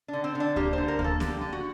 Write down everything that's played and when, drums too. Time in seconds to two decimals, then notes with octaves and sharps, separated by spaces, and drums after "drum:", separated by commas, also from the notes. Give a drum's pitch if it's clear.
0.08 D4
0.13 D3
0.24 C4
0.35 D3
0.40 D4
0.56 A#3 G4, drum: kick D2
0.73 D3 C5
0.88 A#4
0.99 A#3, drum: kick D2
1.04 A4
1.20 D3 G4, drum: snare
1.41 D3
1.53 F#4